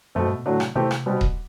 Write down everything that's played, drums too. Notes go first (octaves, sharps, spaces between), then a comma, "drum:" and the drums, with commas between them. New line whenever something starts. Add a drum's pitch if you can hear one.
F#2 B2 A3 C4
G2
B2
A2 D3 F#3 A3 D4
C3, drum: rim click
C3 E3 A3 C4 G4
drum: rim click
B2 G3 C4
drum: kick D#1